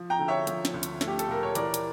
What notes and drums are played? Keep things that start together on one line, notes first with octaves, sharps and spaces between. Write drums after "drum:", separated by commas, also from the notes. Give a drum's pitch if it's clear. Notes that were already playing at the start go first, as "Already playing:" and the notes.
Already playing: F3
G5 A#5
D3
C#5 E5
F3, drum: hi-hat
drum: snare
D2
drum: hi-hat
A3, drum: snare
G4
A4, drum: hi-hat
A#2 A#4
C#5
E3 A#4 D5, drum: hi-hat
drum: hi-hat